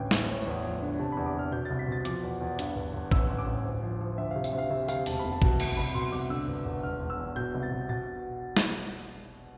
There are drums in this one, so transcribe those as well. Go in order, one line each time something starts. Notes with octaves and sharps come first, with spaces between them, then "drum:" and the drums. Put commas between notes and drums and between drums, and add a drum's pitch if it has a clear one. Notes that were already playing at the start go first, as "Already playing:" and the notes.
Already playing: A1 D2 G5
A1, drum: snare
A2
E2
F3
D3
C3 A5
B5
E2
D6
C3 F6
B2 G6
A6
C2
B6
B2 A6
F3 D6, drum: hi-hat
E2
E2
G2, drum: hi-hat
G1
G1
A1 E6, drum: kick
A1
D6
A1
D2
F3
F3
D2 E5
F5
C3
E5, drum: tambourine
D2
F5
C3 E5
C3 F5, drum: tambourine
E1 A5, drum: open hi-hat
F1 B5
A5
B2, drum: kick
F1, drum: cymbal
C2 B5
B2 C6
C2 D6
D3 E6
G1
G1
E1 F6
E1
E6
E2
B2 G6
C2
A6
B2
B2 A6
drum: snare